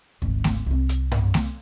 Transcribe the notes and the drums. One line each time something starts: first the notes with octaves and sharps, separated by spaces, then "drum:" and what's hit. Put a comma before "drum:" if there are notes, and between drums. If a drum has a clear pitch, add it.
G#1, drum: kick D2
drum: snare A3
C2 C4
drum: hi-hat
drum: tom G2
drum: snare A3